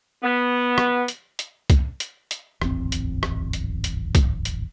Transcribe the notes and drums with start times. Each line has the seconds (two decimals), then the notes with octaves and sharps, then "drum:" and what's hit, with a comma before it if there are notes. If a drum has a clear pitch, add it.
0.23 B3
0.78 drum: rim click
1.08 drum: hi-hat
1.39 drum: hi-hat
1.70 drum: kick, hi-hat
2.00 drum: hi-hat
2.31 drum: hi-hat
2.62 D1 G#1 E2 C4, drum: rim click
2.92 drum: hi-hat
3.23 drum: rim click
3.53 drum: hi-hat
3.84 drum: hi-hat
4.15 drum: kick, hi-hat
4.45 drum: hi-hat